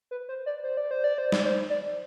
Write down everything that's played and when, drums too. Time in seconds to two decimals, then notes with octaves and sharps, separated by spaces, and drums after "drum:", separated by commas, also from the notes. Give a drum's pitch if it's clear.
0.11 B4
0.29 C5
0.46 D5
0.64 C5
0.77 D5
0.91 C5
1.04 D5
1.18 C5
1.32 D5, drum: snare
1.46 C5
1.70 D5